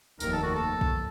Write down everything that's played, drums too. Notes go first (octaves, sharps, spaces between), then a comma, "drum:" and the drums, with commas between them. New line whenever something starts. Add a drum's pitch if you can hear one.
F1 D#2 D#3 A#3 A#4, drum: tambourine
A4
F#4
A4
drum: kick